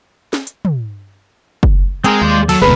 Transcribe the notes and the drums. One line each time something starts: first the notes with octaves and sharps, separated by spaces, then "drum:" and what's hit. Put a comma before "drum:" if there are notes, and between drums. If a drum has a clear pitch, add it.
drum: snare
drum: hi-hat
drum: tom
drum: kick F#1
G#3 C4 G#4 A#4, drum: hi-hat
D#2 F4 C5 D5
F#3 A4, drum: cymbal
F1 D2 B2 G#3 A#4 B4